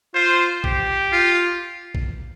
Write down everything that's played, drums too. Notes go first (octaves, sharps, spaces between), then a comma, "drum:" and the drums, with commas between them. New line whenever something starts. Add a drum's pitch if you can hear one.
F4 C5
G4, drum: kick
F4
drum: kick